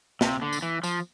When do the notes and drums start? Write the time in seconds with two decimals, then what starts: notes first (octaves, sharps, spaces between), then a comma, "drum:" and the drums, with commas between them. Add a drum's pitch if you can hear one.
0.21 C3, drum: snare
0.42 D3
0.53 drum: tambourine
0.62 E3
0.83 F3, drum: tambourine